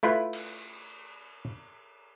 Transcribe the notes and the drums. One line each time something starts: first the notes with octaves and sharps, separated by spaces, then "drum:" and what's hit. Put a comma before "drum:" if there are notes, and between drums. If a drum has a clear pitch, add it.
A3 E4 F4 B4
drum: cymbal